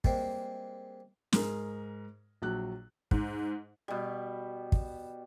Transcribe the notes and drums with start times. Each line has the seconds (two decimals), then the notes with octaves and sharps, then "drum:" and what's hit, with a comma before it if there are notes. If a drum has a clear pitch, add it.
0.04 G3 G#3 A#3 C4, drum: kick
1.33 G#2 G#4 A#4, drum: snare
2.42 A#1 F#3 F#6
3.11 G#2, drum: kick
3.88 B2 G3
4.72 drum: kick